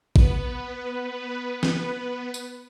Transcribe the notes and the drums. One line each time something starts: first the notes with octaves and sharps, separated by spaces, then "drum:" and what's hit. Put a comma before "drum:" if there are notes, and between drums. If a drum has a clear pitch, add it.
B3 B4, drum: kick G#1
drum: snare
drum: tambourine